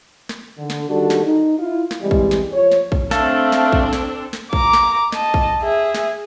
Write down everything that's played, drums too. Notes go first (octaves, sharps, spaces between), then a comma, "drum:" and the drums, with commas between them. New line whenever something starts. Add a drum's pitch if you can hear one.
drum: snare
D3
drum: snare
D#3 G3 D4 F#4 A4
drum: snare
D#4
E4 F4
drum: snare
C3 E3 G3 G#3
drum: kick
drum: snare
F3 C#5
drum: snare
drum: kick
A3 C4 D4 A4 F5, drum: snare
drum: snare
drum: kick
drum: snare
drum: snare
A#5 D6, drum: kick
drum: snare
D#5 A5, drum: snare
drum: kick
G#4 E5
drum: snare